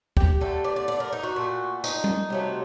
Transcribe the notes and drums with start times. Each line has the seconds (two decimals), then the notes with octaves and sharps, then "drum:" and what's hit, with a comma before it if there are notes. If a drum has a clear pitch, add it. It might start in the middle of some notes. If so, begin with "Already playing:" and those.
0.17 G4, drum: kick
0.41 D3 A3 A4
0.64 D5
0.76 D5
0.88 D5
1.00 A#4
1.13 D#4
1.23 F#4
1.36 A#2 A3
1.84 D#4, drum: tambourine
2.04 drum: tom G3
2.30 C3 F#3 A3